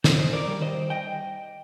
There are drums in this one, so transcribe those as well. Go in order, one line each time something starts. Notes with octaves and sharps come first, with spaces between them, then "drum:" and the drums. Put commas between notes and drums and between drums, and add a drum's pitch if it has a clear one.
D#2 C5 D#5, drum: snare
A#4 D5
D#3 G3
C5 D#5
D#5 G5